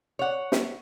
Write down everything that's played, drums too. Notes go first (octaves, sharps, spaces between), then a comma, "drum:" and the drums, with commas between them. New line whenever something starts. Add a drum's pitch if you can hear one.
C#5 F#5
drum: snare